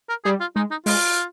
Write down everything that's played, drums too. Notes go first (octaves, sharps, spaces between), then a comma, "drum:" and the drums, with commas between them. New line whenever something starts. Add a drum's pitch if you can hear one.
A#4
G3 G#4
F4
G#3 D#4
D#4
G#3 F4, drum: open hi-hat